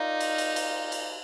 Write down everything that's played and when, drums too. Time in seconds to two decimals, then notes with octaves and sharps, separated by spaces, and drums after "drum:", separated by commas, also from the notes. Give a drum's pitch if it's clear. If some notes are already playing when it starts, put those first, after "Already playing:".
Already playing: D#4 F4 A#4 D5 F5
0.20 drum: cymbal
0.38 drum: cymbal
0.56 drum: cymbal
0.92 drum: cymbal